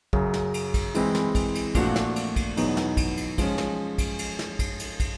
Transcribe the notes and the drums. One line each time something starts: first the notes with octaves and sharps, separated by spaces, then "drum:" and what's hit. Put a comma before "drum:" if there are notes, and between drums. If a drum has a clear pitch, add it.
F#2 C#3 F#3, drum: kick
drum: snare
drum: cymbal
drum: kick, cymbal
E3 G#3 C4 E4, drum: cymbal
drum: snare
drum: kick, cymbal
drum: cymbal
A#2 F3 A3 D4 F#4, drum: kick, cymbal
drum: snare
drum: cymbal
drum: kick, cymbal
E2 B2 F#3 B3 D#4, drum: cymbal
drum: snare
drum: kick, cymbal
drum: cymbal
F3 G#3 C#4, drum: kick, cymbal
drum: snare
drum: kick, cymbal
drum: cymbal
drum: snare
drum: kick, cymbal
drum: cymbal
drum: kick, cymbal